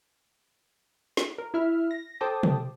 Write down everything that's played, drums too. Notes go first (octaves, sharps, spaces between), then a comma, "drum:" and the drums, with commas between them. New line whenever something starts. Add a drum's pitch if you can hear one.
drum: snare
A#4
E4 E5 F6
A#6
A4 C5 G5 A5 D6 D#6
drum: tom